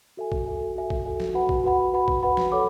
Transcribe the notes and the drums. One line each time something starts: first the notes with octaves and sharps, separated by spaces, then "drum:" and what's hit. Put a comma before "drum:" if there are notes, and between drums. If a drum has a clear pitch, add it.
F#4 A4 E5 G#5
drum: kick
F#4 A4 E5 G#5
F#4 A4 E5 G#5
drum: kick
F#4 A4 E5 G#5
drum: snare
F#4 B4 F#5 B5
drum: kick
F#4 B4 F#5 B5
F#4 B4 F#5 B5
drum: kick
F#4 B4 F#5 B5
drum: snare
A4 C#5 F#5 B5 D6